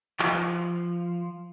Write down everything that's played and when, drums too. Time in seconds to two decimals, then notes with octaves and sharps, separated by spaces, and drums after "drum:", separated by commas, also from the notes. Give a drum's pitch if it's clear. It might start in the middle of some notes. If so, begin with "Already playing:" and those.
0.19 F3, drum: clap